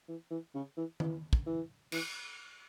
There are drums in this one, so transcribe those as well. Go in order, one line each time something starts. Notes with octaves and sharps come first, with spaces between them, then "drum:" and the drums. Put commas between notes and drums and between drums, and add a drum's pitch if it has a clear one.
E3
E3
C#3
E3
E3, drum: tom D#3
drum: kick
E3
E3, drum: cymbal